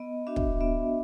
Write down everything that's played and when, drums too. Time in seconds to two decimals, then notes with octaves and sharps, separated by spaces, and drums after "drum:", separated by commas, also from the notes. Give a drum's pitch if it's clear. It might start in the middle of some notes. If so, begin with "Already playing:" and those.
Already playing: B3 D#5
0.27 D4 F#4 E5
0.36 drum: kick
0.61 B3 E5